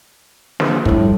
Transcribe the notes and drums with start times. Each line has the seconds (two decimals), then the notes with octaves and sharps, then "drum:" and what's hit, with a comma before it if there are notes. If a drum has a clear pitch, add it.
0.60 A#1, drum: snare
0.85 A2 F3 G3, drum: kick